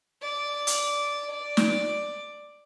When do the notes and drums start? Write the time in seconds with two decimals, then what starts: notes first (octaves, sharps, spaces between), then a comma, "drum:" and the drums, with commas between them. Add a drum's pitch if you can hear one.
0.22 D5
0.67 drum: hi-hat
1.31 D5
1.57 drum: snare